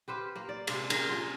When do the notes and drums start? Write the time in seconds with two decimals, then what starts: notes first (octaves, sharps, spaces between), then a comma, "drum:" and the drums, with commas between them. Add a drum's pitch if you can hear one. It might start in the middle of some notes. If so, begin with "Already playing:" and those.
0.08 G4 B4 C5 F5
0.36 A#3
0.49 D5
0.67 C3 G#3 A#3, drum: cymbal
0.90 C4 G#4 A#4, drum: cymbal
1.09 F4 G#4